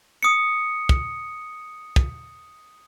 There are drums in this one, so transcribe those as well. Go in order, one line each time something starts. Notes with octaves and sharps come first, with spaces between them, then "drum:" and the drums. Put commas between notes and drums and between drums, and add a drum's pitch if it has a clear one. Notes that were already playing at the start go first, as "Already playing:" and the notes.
D#6 C#7
drum: kick
drum: kick